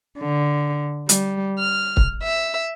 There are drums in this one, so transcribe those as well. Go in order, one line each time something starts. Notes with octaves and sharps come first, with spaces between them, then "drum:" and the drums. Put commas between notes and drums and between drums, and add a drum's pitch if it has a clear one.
D3
G3, drum: hi-hat
F6
drum: kick
E5